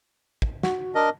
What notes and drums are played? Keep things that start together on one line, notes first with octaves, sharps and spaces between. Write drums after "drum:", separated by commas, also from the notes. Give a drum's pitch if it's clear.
drum: kick
F#4, drum: snare
D4 A#4 D#5